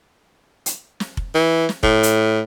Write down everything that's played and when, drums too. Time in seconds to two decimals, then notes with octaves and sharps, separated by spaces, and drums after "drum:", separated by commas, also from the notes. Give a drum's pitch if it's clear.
0.66 drum: hi-hat
1.00 drum: snare
1.17 drum: kick F1
1.34 E3
1.69 drum: snare
1.83 A2, drum: kick F1
2.03 drum: hi-hat